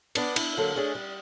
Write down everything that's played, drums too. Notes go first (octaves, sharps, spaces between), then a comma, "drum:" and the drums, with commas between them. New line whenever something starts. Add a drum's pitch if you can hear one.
B3 D4 D5, drum: cymbal
E4, drum: cymbal
D3 F#3 A#3 A4
A3 C#4 D4 G#4
G3